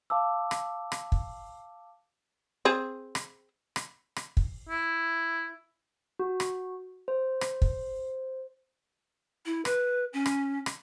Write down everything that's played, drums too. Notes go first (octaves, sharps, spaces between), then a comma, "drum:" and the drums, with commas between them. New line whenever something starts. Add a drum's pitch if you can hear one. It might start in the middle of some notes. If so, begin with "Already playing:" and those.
F5 A5 D6 E6
drum: rim click
drum: rim click
drum: kick
C4 G#4
drum: rim click
drum: rim click
drum: rim click
drum: kick
E4
F#4
drum: rim click
C5
drum: rim click
drum: kick
E4
B4, drum: rim click
C#4
drum: rim click
drum: rim click